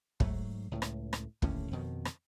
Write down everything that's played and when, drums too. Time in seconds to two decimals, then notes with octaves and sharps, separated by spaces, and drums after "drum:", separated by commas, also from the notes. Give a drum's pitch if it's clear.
0.20 G#2 F#3 A3, drum: kick
0.72 C#2 A2
0.82 drum: rim click
1.13 drum: rim click
1.42 D#2 A2 D3 C#4, drum: kick
1.71 F2 B2 D#3
2.05 drum: rim click